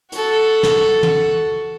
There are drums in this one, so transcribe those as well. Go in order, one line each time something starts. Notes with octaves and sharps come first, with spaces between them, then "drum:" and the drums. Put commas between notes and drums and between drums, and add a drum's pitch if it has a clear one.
F#4 A4, drum: hi-hat
drum: snare
drum: tom